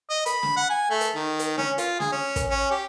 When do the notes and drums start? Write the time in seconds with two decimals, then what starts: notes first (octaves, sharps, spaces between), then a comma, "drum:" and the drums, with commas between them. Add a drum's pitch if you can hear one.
0.10 D#5
0.26 B5, drum: hi-hat
0.43 drum: snare
0.57 F#5
0.70 G#5
0.90 A3
1.01 drum: hi-hat
1.16 D#3
1.39 drum: hi-hat
1.57 C#4, drum: snare
1.78 F4, drum: hi-hat
2.00 G#4, drum: snare
2.12 C#4
2.36 drum: kick, hi-hat
2.51 C#4
2.71 G4